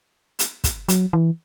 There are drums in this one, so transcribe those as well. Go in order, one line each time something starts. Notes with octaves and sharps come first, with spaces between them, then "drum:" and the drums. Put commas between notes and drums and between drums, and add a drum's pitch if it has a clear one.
drum: hi-hat
drum: kick, hi-hat
F#3, drum: hi-hat
E3